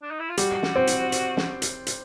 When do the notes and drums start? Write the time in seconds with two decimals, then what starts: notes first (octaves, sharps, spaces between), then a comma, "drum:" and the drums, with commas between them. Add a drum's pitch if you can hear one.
0.02 D4
0.11 D#4
0.19 E4
0.29 F4
0.37 G3 F#4, drum: hi-hat
0.63 drum: snare
0.76 C4
0.87 drum: hi-hat
1.12 drum: hi-hat
1.37 drum: snare
1.62 drum: hi-hat
1.87 drum: hi-hat